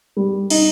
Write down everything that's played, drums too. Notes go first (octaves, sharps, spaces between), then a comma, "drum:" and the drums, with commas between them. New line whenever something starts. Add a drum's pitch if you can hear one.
G3
D#4, drum: cymbal